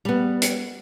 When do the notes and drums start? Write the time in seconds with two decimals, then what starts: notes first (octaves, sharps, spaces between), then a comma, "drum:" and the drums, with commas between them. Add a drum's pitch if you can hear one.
0.05 G3 B3
0.42 drum: hi-hat